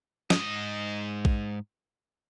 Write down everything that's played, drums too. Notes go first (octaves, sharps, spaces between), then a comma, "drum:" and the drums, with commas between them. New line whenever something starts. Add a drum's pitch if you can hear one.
G#2 D#5, drum: snare
drum: kick A#1